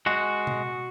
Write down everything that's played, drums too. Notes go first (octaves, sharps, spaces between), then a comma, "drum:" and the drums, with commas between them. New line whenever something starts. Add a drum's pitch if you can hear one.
G#3 F#4
drum: tom B2